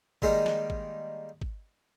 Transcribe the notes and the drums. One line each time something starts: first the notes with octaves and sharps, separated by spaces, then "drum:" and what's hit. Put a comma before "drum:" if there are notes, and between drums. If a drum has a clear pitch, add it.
D#3 G3 G#3 A#3 D#4, drum: kick
drum: snare
drum: kick
drum: kick